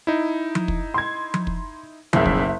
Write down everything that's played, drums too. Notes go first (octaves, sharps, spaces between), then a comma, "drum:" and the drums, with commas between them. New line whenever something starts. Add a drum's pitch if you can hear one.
D#4 E4
drum: tom F3
drum: kick
C6 G#6
drum: tom F3
drum: kick
F#1 B1 C#3 E5, drum: tom F3
drum: kick